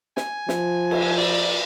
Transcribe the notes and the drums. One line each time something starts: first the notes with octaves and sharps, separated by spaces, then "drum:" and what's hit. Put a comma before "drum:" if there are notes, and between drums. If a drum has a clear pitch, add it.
G#5, drum: snare
F3, drum: snare
drum: cymbal
D5